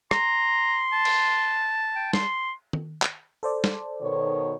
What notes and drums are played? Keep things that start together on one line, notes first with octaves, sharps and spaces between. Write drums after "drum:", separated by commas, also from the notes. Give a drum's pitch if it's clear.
A#5 C6, drum: rim click
A5
drum: cymbal
G5
C6, drum: snare
drum: tom
drum: clap
A4 C5 D5
drum: snare
B2 D#3 C#5